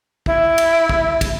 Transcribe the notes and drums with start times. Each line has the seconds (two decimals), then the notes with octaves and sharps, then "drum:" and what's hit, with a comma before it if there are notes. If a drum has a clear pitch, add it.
0.26 E4, drum: kick
0.58 drum: cymbal
0.89 drum: kick
1.21 drum: kick, cymbal